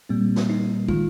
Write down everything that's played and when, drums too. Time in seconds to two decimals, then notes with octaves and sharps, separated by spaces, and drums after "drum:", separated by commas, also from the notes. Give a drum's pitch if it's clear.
0.09 A#2 G3 A#3 C4
0.36 drum: snare
0.50 D#4
0.88 D#3 G#3 F4, drum: kick